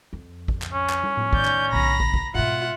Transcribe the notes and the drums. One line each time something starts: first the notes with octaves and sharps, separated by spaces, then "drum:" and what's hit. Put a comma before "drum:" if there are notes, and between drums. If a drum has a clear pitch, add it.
F2
drum: kick
drum: clap
C#4
drum: clap
drum: tom
drum: tom A2
A2 D#3 D5 G6, drum: kick
drum: clap
B1 D3 A#5 B5 A#6, drum: tom A2
drum: kick
drum: kick
G#2 B2 F4 E5 F#5